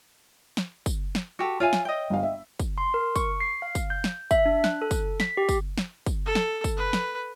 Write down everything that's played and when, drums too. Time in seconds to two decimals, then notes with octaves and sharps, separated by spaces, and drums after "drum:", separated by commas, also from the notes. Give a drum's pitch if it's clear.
0.57 drum: snare
0.86 drum: kick, tambourine
1.15 drum: snare
1.39 F#4 G4 A4
1.60 F4 C#5 E5 F5 G#5
1.73 drum: snare
1.85 D#5 G5
2.10 G1 F5
2.23 E5
2.60 drum: kick, tambourine
2.78 C6
2.94 A#4
3.16 C#6, drum: kick, tambourine
3.40 C7
3.62 F5
3.75 drum: kick, tambourine
3.90 G6
4.04 drum: snare
4.31 E5, drum: kick, tambourine
4.46 D4
4.64 F#6, drum: snare
4.82 A4
4.91 drum: kick, tambourine
5.20 B6, drum: snare
5.37 G4
5.49 drum: kick, tambourine
5.78 drum: snare
6.06 drum: kick, tambourine
6.26 A4
6.35 drum: snare
6.64 drum: kick, tambourine
6.77 B4
6.93 drum: snare